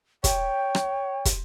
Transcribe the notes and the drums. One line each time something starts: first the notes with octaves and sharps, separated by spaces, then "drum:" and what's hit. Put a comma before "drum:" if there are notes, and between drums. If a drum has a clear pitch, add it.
C#5 G5, drum: kick, hi-hat
drum: rim click
drum: kick, hi-hat